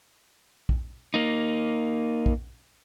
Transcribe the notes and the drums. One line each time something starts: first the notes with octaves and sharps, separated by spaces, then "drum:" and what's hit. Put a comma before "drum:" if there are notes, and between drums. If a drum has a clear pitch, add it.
drum: kick A#1
A#3 D#4
drum: kick A#1